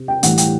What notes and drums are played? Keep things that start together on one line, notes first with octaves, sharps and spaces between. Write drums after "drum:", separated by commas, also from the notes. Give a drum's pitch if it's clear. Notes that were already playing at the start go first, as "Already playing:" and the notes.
Already playing: C3
G5
A2 E3 G3 F#5, drum: hi-hat
G5, drum: hi-hat